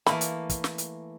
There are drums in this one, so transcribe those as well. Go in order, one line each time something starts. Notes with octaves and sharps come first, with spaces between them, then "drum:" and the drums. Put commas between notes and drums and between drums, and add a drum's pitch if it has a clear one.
E3 A3 A#3 B5, drum: snare
drum: hi-hat
drum: kick, hi-hat
drum: snare
drum: hi-hat